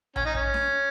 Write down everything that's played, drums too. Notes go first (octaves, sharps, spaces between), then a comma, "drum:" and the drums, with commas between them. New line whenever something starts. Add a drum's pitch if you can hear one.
C#4, drum: tom A#1
D#4
C#4, drum: kick
drum: snare